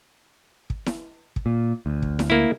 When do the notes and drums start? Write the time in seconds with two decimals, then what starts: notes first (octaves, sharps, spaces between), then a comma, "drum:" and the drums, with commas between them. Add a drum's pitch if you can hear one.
0.70 drum: kick
0.86 drum: snare E4
1.36 drum: kick
1.46 A#2
1.86 D2
2.02 drum: kick
2.19 drum: snare E4
2.30 A#3 E4